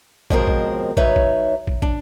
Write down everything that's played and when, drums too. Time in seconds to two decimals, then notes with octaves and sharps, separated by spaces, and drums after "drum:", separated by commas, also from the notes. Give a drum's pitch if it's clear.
0.30 D#2 B2 F3 G#3 C4 A#4, drum: kick
0.47 drum: kick
0.97 F#3 D#4 B4 C#5 E5, drum: kick
1.16 drum: kick
1.67 drum: kick
1.82 D4, drum: kick